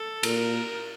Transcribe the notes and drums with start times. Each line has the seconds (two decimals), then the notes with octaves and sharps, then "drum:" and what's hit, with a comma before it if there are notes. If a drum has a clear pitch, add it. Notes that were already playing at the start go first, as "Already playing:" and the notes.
Already playing: A4
0.23 A#2 A#4, drum: cymbal